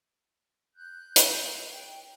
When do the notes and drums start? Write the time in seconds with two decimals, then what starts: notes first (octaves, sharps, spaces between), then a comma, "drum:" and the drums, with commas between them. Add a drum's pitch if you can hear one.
0.75 F#6 G6
1.16 drum: hi-hat
1.73 G5